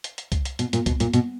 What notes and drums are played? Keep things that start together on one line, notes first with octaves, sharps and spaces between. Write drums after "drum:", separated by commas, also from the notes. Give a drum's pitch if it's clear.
drum: hi-hat
drum: hi-hat
drum: kick C2, hi-hat
drum: hi-hat
B2, drum: hi-hat
A#2, drum: hi-hat
B2, drum: kick C2, hi-hat
A#2, drum: hi-hat
B2, drum: hi-hat